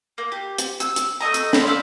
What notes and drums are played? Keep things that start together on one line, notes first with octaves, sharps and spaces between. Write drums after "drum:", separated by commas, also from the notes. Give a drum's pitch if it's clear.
A#3
G4
drum: hi-hat
E6, drum: hi-hat
drum: hi-hat
A3 A#3 D#5 A#5
drum: hi-hat
B5 C6, drum: snare
D5 E5 F5